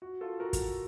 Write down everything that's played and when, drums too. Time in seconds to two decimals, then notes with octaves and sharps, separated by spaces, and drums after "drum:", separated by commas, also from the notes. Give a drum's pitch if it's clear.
0.02 F#4
0.21 F4 A4
0.40 F#4 A#4
0.53 drum: kick, hi-hat